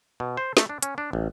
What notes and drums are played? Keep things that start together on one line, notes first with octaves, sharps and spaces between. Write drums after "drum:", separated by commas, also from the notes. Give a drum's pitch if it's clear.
B2
C5
A3, drum: snare
D4
C#4, drum: hi-hat
D4
A1